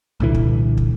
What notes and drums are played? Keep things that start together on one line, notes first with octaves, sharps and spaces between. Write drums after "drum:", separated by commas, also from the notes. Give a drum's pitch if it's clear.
C2 A#2 D3 E3
drum: kick
drum: kick